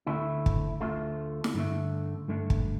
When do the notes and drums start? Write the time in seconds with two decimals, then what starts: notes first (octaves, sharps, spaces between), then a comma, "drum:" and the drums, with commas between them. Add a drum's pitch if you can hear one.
0.07 D2 D3 A3 E4
0.46 drum: kick
0.81 D2 D3 A3 F4
1.44 drum: snare
1.54 G2 D3 A3
2.28 G2 D3 A3
2.50 drum: kick